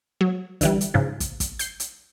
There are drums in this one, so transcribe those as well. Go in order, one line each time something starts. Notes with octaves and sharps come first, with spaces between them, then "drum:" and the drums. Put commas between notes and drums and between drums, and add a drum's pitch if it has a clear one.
F#3
D3 E3 G3, drum: kick, hi-hat
drum: hi-hat
G#2 C#3 F3
drum: kick, hi-hat
drum: kick, hi-hat
G6 C7, drum: hi-hat
drum: hi-hat